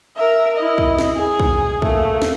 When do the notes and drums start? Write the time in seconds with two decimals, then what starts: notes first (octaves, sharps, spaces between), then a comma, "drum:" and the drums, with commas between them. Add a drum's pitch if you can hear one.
0.16 A#4 E5
0.56 E4 D#5
0.78 drum: kick
0.98 drum: snare
1.16 G#4
1.39 drum: kick
1.82 A3 A#3, drum: kick
2.22 drum: snare